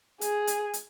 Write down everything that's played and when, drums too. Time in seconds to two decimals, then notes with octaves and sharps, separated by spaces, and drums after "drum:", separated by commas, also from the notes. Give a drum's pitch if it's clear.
0.21 G#4, drum: hi-hat
0.47 drum: hi-hat
0.74 drum: hi-hat